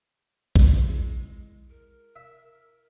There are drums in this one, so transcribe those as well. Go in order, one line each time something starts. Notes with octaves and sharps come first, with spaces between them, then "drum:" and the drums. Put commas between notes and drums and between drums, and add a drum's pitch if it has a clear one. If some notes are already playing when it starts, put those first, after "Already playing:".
drum: kick A#1
G#3 E4 G#4
A#4
E5